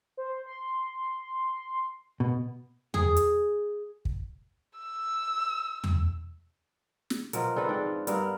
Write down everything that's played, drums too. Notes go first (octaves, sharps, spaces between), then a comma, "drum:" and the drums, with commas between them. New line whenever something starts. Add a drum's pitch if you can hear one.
C5
C6
B2
G#4, drum: tom E2
drum: hi-hat
drum: kick
E6
drum: tom E2
drum: snare
B2 F3 F#3 A#4, drum: hi-hat
C4 D4 A4 B4
G#2 D4 F#5 G5
F3
G2 B3 A#4 F5, drum: hi-hat